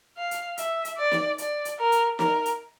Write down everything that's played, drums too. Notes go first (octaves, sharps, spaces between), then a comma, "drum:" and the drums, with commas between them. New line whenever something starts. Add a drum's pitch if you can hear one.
F5
drum: hi-hat
E5, drum: hi-hat
drum: hi-hat
D5
drum: snare
D5, drum: hi-hat
drum: hi-hat
A#4
drum: hi-hat
A#4, drum: snare
drum: hi-hat